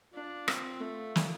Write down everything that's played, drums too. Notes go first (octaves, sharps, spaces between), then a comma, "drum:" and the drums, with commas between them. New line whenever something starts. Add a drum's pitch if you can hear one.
D4 F4
C4, drum: rim click
A3
drum: snare